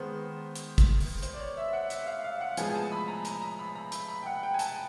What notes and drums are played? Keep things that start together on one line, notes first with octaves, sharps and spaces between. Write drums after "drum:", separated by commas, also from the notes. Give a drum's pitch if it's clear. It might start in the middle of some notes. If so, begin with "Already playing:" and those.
Already playing: D#3 G#3 B3 C5
drum: hi-hat
drum: kick, hi-hat
drum: open hi-hat
C5, drum: hi-hat
D5
C#5
E5
F#5
E5, drum: hi-hat
F5
F5
F#5
A2 F3 G#3 B3 G#5, drum: hi-hat
G#5
A5
B5
A#5
A#5, drum: hi-hat
A#5
B5
A#5
B5, drum: hi-hat
B5
G5
F#5
G5
G#5
A5, drum: hi-hat